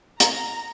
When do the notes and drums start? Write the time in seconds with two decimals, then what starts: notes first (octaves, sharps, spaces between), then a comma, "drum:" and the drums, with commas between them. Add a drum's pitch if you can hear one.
0.20 A#5, drum: hi-hat